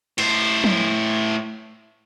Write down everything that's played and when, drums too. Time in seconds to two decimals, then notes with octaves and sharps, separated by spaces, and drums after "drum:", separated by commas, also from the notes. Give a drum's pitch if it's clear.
0.18 A2 C5, drum: cymbal
0.64 drum: tom F3